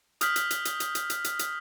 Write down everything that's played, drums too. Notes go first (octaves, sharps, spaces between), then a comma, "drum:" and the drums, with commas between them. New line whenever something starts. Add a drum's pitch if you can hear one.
D#6 F6 G6 B6 F#7, drum: hi-hat
drum: hi-hat
drum: hi-hat
drum: hi-hat
drum: hi-hat
drum: hi-hat
drum: hi-hat
drum: hi-hat
drum: hi-hat